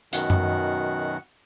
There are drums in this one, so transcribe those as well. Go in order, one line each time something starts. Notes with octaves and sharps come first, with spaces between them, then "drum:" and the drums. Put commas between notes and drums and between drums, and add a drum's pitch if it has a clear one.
F#2 B2 D#3 F#5, drum: hi-hat
drum: tom F#2